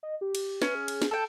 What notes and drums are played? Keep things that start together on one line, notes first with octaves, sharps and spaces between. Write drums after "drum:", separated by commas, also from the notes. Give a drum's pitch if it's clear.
D#5
G4
drum: cymbal
C#4 B4, drum: snare
G#4
drum: cymbal
drum: snare
A4 G5